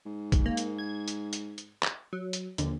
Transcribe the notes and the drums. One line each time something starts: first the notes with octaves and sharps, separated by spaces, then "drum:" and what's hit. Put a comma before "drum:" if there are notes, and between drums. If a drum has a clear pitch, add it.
G#2
drum: kick A#1, hi-hat
A#3
drum: hi-hat
G#6
drum: hi-hat
drum: hi-hat
drum: hi-hat
drum: clap
F#3
drum: hi-hat
A#1 D#2 D3, drum: hi-hat